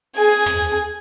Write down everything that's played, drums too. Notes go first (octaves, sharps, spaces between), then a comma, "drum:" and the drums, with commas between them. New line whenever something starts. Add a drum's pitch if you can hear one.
G#4 G#5
drum: tom